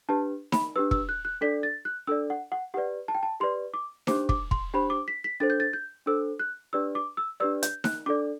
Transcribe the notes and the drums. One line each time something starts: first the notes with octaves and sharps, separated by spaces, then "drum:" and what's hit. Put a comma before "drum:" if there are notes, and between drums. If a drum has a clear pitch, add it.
D4 G4 B4 A5
B5, drum: snare D#4
D4 G4 B4 E6
E6, drum: kick
F#6
F#6
D4 A4 D5 B6
A6
F#6
D4 A4 D5 E6
F#5
F#5
G4 B4 D5 F#5
A5
G5
A5
G4 B4 D5 C6
D6
D4 G4 C5 D6, drum: snare D#4
D6, drum: kick
C6, drum: kick
D4 G4 C5 B5
D6
B6
B6
D4 A4 C5 A6
G6
A6
G6
D4 A4 C5 E6
F#6
D4 G4 B4 D5 E6
D6
E6
D4 G4 B4 D5 E6
G6, drum: hi-hat
F#6, drum: snare D#4
D4 A4 D5 D6